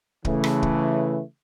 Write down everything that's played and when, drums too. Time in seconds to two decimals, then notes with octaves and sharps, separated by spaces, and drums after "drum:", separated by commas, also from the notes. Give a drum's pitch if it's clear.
0.25 C#3 E3 A3, drum: kick
0.44 drum: rim click
0.63 drum: kick